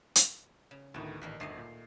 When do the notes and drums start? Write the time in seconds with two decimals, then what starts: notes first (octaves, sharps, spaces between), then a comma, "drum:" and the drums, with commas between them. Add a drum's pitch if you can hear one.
0.16 drum: hi-hat
0.71 C#3
0.94 D2 A2 D#3 A3 B3
1.22 A1 A#2 D#3 A#3
1.40 G1 D2 A3 D#4 D#5 C7
1.58 A#2